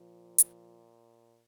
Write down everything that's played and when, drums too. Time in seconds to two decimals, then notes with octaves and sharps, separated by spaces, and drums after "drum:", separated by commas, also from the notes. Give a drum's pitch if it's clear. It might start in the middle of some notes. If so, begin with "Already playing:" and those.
Already playing: A#2 F3
0.38 drum: hi-hat